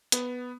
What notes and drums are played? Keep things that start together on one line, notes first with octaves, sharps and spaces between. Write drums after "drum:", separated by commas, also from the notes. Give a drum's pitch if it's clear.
B3, drum: hi-hat